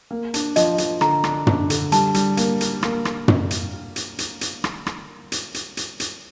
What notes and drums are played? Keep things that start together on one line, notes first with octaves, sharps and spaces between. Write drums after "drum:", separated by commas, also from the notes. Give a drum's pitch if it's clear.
A#3
D4, drum: hi-hat
F3 D#5, drum: hi-hat
F3, drum: hi-hat
D3 A#5, drum: rim click
D4, drum: rim click
D4, drum: tom
D3, drum: hi-hat
G3 A5, drum: hi-hat
G3, drum: hi-hat
A#3, drum: hi-hat
A#4, drum: hi-hat
A#3, drum: rim click
drum: rim click
drum: tom
drum: hi-hat
drum: hi-hat
drum: hi-hat
drum: hi-hat
drum: rim click
drum: rim click
drum: hi-hat
drum: hi-hat
drum: hi-hat
drum: hi-hat